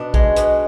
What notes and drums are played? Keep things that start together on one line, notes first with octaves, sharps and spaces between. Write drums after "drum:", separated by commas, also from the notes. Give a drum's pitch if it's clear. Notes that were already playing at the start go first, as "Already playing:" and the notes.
Already playing: B2 D4
G#3, drum: kick
B2, drum: hi-hat